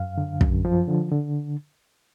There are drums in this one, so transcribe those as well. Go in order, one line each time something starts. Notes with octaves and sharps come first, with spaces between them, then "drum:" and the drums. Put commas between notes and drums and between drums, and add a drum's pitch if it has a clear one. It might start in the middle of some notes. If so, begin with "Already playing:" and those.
Already playing: F#2 F5
D3
F#2, drum: kick
F3
D3
D3